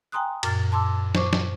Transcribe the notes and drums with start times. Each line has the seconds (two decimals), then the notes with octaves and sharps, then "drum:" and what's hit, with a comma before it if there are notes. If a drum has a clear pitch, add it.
0.12 G5 G#5 A#5 C6 D#6 F#6
0.43 F#2 A#2 F6 A6, drum: cymbal
0.72 A5 C6 D6 E6
1.15 C5 C#6 D6, drum: snare
1.33 drum: snare